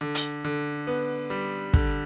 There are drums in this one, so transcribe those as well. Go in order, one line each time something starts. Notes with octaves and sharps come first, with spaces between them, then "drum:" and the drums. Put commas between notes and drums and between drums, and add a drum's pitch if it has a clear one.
D3
drum: hi-hat
D3
B3
G3
D3, drum: kick